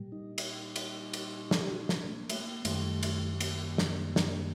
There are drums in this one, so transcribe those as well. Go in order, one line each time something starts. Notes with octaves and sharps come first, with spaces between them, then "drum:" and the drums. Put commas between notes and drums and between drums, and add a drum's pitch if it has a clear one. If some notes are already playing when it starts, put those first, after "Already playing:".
Already playing: A#2 G3
D#4
drum: cymbal
drum: cymbal
drum: cymbal
A4, drum: snare
G4
F#4
D#4
D4, drum: snare
A3
A#3
A3, drum: cymbal
A#3
F#2 D#3 G3 A3, drum: cymbal
drum: cymbal
A#3, drum: cymbal
drum: snare
drum: snare